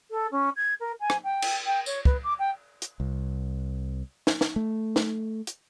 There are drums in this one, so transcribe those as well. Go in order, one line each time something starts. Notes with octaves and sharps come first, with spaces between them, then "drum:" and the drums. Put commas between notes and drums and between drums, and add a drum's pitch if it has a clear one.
A4
C#4
G#6
A#4
G#5
drum: rim click
G5
drum: cymbal
G5
C#5, drum: tambourine
B4, drum: kick
D6
G5
drum: hi-hat
C2
drum: snare
drum: snare
A3
drum: snare
drum: hi-hat